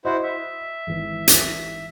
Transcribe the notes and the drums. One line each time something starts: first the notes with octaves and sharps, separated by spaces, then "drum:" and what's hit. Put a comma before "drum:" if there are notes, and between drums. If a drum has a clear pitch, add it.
E4 F#4 C5 D#5
E5
G#1 E3
drum: hi-hat